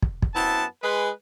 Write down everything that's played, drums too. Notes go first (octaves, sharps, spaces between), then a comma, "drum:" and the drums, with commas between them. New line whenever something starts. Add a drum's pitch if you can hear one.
drum: kick
drum: kick
F#2 B3 C4 E4 A5
G#3 B4